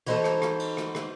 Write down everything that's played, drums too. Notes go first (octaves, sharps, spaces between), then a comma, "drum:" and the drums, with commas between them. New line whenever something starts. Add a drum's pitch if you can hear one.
E3 D#4 F#4 A4 C5, drum: cymbal
drum: rim click
drum: rim click
drum: cymbal
drum: rim click
drum: rim click